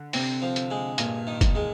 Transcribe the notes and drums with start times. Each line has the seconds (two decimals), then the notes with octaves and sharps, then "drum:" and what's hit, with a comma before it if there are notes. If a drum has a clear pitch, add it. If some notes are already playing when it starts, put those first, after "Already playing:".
Already playing: D3
0.13 C3 C4, drum: open hi-hat
0.42 F3
0.56 drum: hi-hat
0.70 G#3
0.98 G2 A#2, drum: hi-hat
1.27 D#3
1.41 drum: kick, hi-hat
1.55 G#3